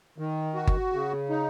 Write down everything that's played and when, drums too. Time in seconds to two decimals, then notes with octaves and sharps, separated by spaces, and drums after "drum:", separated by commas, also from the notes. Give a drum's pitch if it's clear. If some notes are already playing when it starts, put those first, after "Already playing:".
0.18 D#3
0.55 F#4
0.67 drum: kick G1
0.92 C#3
1.29 D#4